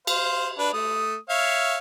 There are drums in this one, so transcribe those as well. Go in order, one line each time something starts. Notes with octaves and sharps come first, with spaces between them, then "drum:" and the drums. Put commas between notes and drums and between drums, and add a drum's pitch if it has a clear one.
C5 F5, drum: cymbal
D4 B4 D5
A3 D#6
C#5 E5 F5